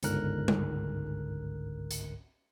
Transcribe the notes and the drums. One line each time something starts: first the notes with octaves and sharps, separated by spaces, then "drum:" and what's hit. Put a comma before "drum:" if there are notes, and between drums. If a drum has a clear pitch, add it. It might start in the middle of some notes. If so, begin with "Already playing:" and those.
G1 C#2 G#2 D3 A#4 F#6, drum: hi-hat
drum: tom G3
drum: hi-hat